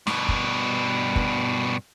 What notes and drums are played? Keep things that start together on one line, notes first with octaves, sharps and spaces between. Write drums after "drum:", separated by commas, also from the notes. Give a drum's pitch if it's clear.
G2 B2, drum: snare
drum: kick
drum: kick